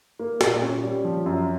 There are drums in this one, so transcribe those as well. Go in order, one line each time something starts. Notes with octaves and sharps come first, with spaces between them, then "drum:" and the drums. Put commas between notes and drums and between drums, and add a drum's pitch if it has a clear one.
A#3
A#2, drum: snare
C#4
G3
F3
F#2